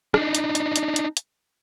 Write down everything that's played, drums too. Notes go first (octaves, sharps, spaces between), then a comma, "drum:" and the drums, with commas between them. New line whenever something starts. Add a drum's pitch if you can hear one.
D4 D#4, drum: rim click
drum: hi-hat
drum: hi-hat
drum: hi-hat
drum: hi-hat
drum: hi-hat